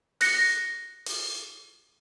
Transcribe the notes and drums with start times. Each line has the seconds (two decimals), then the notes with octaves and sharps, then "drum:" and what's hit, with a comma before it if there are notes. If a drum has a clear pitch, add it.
0.21 F#6 A#6 C#7, drum: open hi-hat
1.06 drum: open hi-hat